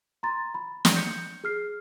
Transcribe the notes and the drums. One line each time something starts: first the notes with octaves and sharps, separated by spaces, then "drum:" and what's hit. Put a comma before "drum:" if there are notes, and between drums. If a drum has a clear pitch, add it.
A#5 C6 A6
B5
drum: snare
G6 C#7
G#4 F6 C7